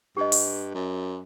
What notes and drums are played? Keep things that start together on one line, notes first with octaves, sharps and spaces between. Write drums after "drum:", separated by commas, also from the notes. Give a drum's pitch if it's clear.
G2 G4 D#5
drum: open hi-hat
F#2